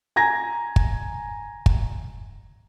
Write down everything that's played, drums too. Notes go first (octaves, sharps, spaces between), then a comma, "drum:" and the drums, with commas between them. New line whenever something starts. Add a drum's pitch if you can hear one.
G#5 A#5 G#6 A#6
drum: kick
drum: kick